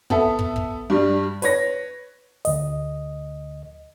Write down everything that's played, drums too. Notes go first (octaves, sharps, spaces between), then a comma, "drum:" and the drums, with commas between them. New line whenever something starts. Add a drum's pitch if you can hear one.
B3 A4 E5, drum: kick
drum: kick
drum: kick
G2 G3
B4 C#5 A#6, drum: open hi-hat
D2 D#5, drum: open hi-hat